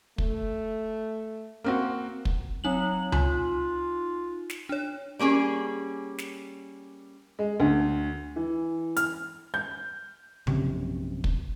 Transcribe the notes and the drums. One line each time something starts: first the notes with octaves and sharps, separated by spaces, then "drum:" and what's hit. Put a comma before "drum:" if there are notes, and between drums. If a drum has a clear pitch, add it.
A3, drum: kick
A#3 C4 F#4
drum: kick
F#3 C4 D#4 F#7
D#4 F4, drum: tom C#2
drum: snare
D4 C#5
G3 A#3 C#4 G#4
drum: snare
G#3
D2
E3
F6, drum: hi-hat
G6
A#1 F#2 C3, drum: tom C#3
drum: kick